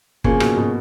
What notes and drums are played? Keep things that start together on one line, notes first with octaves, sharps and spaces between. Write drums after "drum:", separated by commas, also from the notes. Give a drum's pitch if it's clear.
C#3 F3 A#3, drum: kick G1
B2, drum: rim click
B2